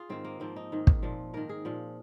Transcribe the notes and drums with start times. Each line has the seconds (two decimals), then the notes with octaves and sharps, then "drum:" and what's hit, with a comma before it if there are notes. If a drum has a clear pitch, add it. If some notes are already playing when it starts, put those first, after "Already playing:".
Already playing: F4 G#4
0.09 G#2 D#3 C4
0.25 A#3
0.40 G#2 F3 C4
0.56 D#4
0.72 G#2 D#3
0.87 drum: kick
1.03 A#2 F3
1.34 G#2 D#3 A#4
1.49 G#4
1.65 A#2 F3